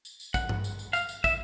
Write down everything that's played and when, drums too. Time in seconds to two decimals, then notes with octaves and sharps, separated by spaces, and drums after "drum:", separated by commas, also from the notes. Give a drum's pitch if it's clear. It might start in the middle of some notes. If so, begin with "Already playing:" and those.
0.05 drum: tambourine
0.20 drum: tambourine
0.34 F#5, drum: kick, tambourine
0.49 drum: tom G2
0.64 drum: tambourine
0.79 drum: tambourine
0.93 F5, drum: tambourine
1.09 drum: tambourine
1.24 E5, drum: kick, tambourine